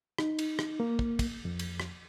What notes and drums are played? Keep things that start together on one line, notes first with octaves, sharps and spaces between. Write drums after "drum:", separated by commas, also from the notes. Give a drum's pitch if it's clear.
D#4, drum: rim click
drum: cymbal
drum: rim click
A#3
drum: kick
drum: kick, cymbal
F2
drum: cymbal
drum: rim click